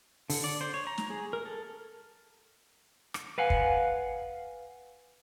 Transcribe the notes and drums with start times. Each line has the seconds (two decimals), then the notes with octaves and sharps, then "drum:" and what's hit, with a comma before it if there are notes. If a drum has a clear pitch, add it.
0.30 D3, drum: open hi-hat
0.44 D5
0.61 C5
0.74 C#5
0.87 A#5
0.98 drum: snare
1.10 G#4
1.33 A#4
1.46 A4
3.14 drum: rim click
3.38 B4 F5 F#5 G#5
3.50 drum: kick